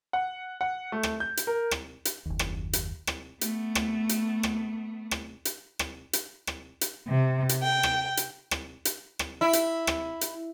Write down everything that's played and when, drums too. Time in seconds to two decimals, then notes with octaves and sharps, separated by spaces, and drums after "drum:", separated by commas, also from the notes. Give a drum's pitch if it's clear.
0.13 F#5
0.61 F#5
0.92 A3
1.03 drum: rim click
1.20 G6
1.37 drum: hi-hat
1.47 A#4
1.71 drum: rim click
2.05 drum: hi-hat
2.26 F#1 D#2
2.39 drum: rim click
2.73 drum: hi-hat
3.07 drum: rim click
3.41 A3 B3, drum: hi-hat
3.75 drum: rim click
4.09 drum: hi-hat
4.43 drum: rim click
5.11 drum: rim click
5.45 drum: hi-hat
5.79 drum: rim click
6.13 drum: hi-hat
6.47 drum: rim click
6.81 drum: hi-hat
7.07 C3
7.49 drum: hi-hat
7.62 G5
7.83 drum: rim click
8.17 drum: hi-hat
8.51 drum: rim click
8.85 drum: hi-hat
9.19 drum: rim click
9.41 E4
9.53 drum: hi-hat
9.87 drum: rim click
10.21 drum: hi-hat